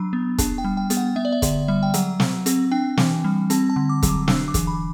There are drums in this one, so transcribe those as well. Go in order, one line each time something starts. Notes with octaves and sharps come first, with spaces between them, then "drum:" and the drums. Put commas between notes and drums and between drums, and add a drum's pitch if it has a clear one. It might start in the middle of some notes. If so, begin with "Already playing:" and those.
Already playing: F#3 D4 B5
B3
D4 A5, drum: kick, hi-hat
G5
G3
G5
B3, drum: hi-hat
F#5
B3 E5
D5
E5
D3 D5, drum: kick, hi-hat
G3 E5
G5
F#3 F#5, drum: hi-hat
F#3, drum: snare
C4, drum: hi-hat
D4 G5
E3, drum: snare
G3
C4 A5, drum: hi-hat
A5
D3
D6
F#3, drum: kick, hi-hat
D6
D4 E6, drum: snare
D6
E3, drum: kick, hi-hat
B5